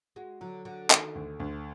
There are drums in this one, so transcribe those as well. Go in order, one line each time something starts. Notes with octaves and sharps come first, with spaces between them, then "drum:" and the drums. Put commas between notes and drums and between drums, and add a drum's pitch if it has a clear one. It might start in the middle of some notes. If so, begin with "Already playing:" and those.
G#3 F#4
D3 F#3
D3 F#4
D#3, drum: clap
D2
D2